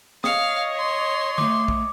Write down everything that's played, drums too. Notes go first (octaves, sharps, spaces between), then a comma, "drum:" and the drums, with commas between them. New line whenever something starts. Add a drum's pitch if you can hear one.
C#5 D#5 F5 D#6 C#7 F7, drum: snare
C6
A3 D6, drum: tom
drum: kick